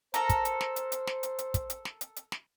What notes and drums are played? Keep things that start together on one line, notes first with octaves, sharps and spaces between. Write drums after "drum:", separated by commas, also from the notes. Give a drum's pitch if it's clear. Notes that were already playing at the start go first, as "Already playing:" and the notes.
A4 A#4 C5 A#5, drum: hi-hat
drum: kick, hi-hat
drum: hi-hat
drum: snare
drum: hi-hat
drum: hi-hat
drum: snare
drum: hi-hat
drum: hi-hat
drum: kick, hi-hat
drum: hi-hat
drum: snare
drum: hi-hat
drum: hi-hat
drum: snare